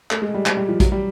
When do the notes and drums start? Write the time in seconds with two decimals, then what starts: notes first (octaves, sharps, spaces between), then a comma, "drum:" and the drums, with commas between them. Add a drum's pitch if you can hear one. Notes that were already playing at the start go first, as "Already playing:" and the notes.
0.11 A3, drum: clap
0.22 G#3
0.34 G3
0.46 G3, drum: clap
0.57 G3
0.68 F3
0.80 F#3, drum: kick A#1, hi-hat
0.92 G3